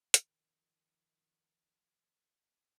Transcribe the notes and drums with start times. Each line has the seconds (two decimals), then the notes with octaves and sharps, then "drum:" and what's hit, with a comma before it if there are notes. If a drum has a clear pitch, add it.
0.14 D#3 F3, drum: hi-hat